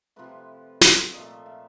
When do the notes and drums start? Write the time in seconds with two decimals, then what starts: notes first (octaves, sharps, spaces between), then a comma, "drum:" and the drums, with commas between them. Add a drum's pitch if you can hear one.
0.16 C3 F3 A3 B4
0.81 drum: snare
1.13 A#2 F3 A3 D#5
1.31 E5
1.46 F5